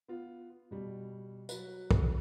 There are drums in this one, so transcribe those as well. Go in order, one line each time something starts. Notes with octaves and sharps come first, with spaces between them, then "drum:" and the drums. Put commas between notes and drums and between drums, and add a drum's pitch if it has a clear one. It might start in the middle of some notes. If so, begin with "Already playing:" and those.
B3 F4
B2 G3
F#3 B4, drum: tambourine
drum: kick